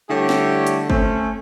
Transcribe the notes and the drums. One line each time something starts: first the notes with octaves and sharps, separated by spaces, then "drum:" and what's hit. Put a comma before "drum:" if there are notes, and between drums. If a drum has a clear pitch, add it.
D3 G3 A3 E4 G4 C#5
drum: snare
drum: hi-hat
A3 C4 C#4, drum: kick